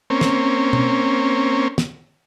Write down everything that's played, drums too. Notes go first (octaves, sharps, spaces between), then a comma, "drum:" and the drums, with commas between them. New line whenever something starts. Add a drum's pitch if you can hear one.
A#3 C4 C#4
drum: snare
drum: tom
drum: snare